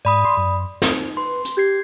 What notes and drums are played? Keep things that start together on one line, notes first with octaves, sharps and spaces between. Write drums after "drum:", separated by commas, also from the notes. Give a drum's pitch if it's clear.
G#2 D5 B5 D#6
C6
F#2
C4 D#4, drum: snare
B4 C6
drum: hi-hat
G4 G6 G#6 C7